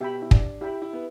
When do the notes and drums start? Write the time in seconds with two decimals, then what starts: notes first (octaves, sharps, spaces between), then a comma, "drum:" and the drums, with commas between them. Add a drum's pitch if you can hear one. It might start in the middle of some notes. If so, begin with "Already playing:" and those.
0.01 B2 G4 E5 G5 B5
0.22 E4
0.31 D4, drum: kick
0.61 E4 G4 E5 G5 B5
0.82 E4
0.93 B3